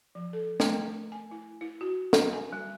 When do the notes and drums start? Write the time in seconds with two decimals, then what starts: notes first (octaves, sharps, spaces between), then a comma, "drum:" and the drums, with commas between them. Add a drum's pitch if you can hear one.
0.15 F3
0.33 A4
0.60 A3, drum: snare
0.73 A#4
1.12 G#5
1.31 E4
1.61 E4
1.81 F#4
2.13 drum: snare
2.33 G#5
2.53 G3